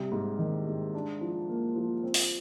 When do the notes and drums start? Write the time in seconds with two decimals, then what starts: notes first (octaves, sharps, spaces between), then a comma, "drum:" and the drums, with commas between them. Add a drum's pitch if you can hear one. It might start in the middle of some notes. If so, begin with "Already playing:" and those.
Already playing: C3 G3
0.12 G#2
0.39 D#3
0.67 G#2
0.95 D4
1.21 F3
1.49 A#3
1.76 F3
2.03 C4
2.14 drum: open hi-hat